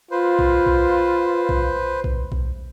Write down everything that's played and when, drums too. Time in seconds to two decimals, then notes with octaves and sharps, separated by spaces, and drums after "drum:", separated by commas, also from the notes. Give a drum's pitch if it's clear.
0.11 F4 B4 C5
0.39 drum: kick B1
0.66 drum: kick B1
1.49 drum: kick B1
2.04 drum: kick B1
2.32 drum: kick B1